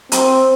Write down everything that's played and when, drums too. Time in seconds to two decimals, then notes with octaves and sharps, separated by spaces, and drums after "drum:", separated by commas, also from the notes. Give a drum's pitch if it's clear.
0.12 C4, drum: hi-hat